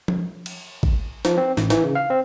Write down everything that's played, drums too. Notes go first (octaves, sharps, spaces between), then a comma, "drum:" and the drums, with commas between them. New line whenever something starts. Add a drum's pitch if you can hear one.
drum: tom F3
drum: cymbal
drum: kick
F3, drum: snare
C4
A1, drum: snare
E3, drum: snare
C#3
F5
C4